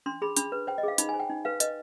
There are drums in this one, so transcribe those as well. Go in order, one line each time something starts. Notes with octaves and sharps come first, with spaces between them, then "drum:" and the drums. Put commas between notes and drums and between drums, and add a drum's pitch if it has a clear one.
D4 C6
G#4 B5
D4 B5, drum: hi-hat
B4
C5 G5
D#5
G#4 F5
D#4 B5, drum: hi-hat
G#5
C5
G5
D#4
B4 F5
B4 D#5, drum: hi-hat